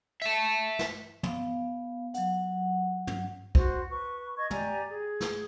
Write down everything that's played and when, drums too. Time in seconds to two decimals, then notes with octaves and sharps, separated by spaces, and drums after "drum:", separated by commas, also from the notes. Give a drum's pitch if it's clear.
0.22 E5 A5
0.79 drum: snare
1.23 B3 F5, drum: tom
2.14 F#3 F#5, drum: hi-hat
3.07 drum: tom
3.55 F#4 C5, drum: kick
3.90 B4 C#6
4.37 D#5 C#6 G#6
4.51 G4 D5 G#5 A#5, drum: tom
4.87 G#4
5.20 drum: snare